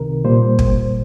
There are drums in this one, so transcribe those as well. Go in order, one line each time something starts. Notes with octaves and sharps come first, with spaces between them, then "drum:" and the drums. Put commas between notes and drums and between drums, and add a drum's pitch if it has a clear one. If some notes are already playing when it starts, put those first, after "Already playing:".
Already playing: C2 C3 D#3 A#4
A#2 G3 A#3 C5
drum: kick